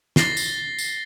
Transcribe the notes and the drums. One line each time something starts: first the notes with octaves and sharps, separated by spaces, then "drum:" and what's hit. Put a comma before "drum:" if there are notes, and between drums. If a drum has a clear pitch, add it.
A6 A#6 C7 G7, drum: snare
drum: tambourine
drum: tambourine